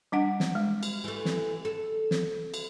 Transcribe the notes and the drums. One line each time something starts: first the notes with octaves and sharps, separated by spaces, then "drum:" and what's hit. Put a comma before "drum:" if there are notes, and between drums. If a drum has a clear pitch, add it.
G3 D4 F#5
drum: snare
G#3
drum: cymbal
E3 A3
drum: snare
A4
drum: snare
drum: cymbal